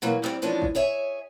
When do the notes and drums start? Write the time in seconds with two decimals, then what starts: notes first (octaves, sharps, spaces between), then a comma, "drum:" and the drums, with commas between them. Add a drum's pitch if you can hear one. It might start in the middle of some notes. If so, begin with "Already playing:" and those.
0.02 B2 E3 F#3 A#3
0.24 G3 C4, drum: clap
0.42 E3 F3 G#3 C#4 D4
0.62 drum: kick
0.75 G#4 C#5 E5 G#5